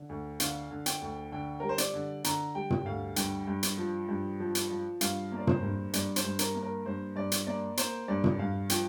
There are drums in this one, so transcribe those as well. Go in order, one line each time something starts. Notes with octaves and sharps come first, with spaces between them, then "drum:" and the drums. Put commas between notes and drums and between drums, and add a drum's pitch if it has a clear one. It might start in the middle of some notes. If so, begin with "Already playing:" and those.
Already playing: D3
D2
D3 F5, drum: hi-hat
D3
G5, drum: hi-hat
D2
D3 G5
G3 A#4
C5
D5, drum: hi-hat
D3
D3 A#5, drum: hi-hat
G3 G5
drum: tom
D2 F5
G2 G5, drum: hi-hat
G2
drum: hi-hat
F3
G2
F3
drum: hi-hat
F3
G2 F5, drum: hi-hat
A#3
D5
C5, drum: tom
G2
G2 D5, drum: hi-hat
C5, drum: hi-hat
G2
A#4, drum: hi-hat
A#3
A#4
G2 C5
G2 D5
drum: hi-hat
A#3 D5
A#3 C5, drum: hi-hat
G2 D5
drum: tom
G2 F5
F3 G5, drum: hi-hat